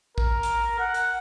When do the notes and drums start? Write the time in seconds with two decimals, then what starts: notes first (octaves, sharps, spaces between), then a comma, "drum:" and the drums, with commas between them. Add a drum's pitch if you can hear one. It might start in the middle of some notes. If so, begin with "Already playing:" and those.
0.18 A#4, drum: kick A1
0.43 drum: hi-hat
0.80 F#5
0.94 drum: hi-hat